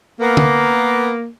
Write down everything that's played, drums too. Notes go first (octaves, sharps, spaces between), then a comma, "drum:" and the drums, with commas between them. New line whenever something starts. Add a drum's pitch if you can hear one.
A#3 B3
drum: tom